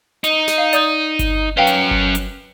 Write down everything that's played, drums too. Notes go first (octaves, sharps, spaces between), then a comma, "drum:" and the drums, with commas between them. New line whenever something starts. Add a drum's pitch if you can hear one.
D#4, drum: hi-hat
drum: snare
F5
D5 D#6 G6, drum: hi-hat
drum: kick G1, hi-hat
F#3 C#4 B4 F5 G5
drum: hi-hat
drum: kick G1
drum: hi-hat